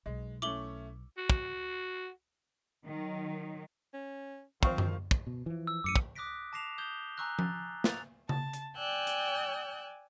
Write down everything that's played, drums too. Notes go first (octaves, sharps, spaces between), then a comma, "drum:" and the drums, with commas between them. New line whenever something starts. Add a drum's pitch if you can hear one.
B1 G#3
A3 C#4 E4 D6 F#7 G7
F#4
drum: kick
D#3 F#3
C#4
D#3 F3 C4 C5 F5 C#6, drum: kick
drum: tom F#2
drum: kick
B2
E3 F3
E6
A1 F#2 D6 C#7 D#7
drum: kick
D6 D#6 F#6 A#6 B6 D7
A5 D6 A#6 C7 E7 F7
D#6 G6 G#6 G7
G#5 A#5 C#6 E6 F#6 A#6
A6, drum: tom F3
C#6 A6 F7, drum: snare
A5, drum: tom C#3
drum: hi-hat
D5 G5 G#5 E6 F#6 G6
drum: hi-hat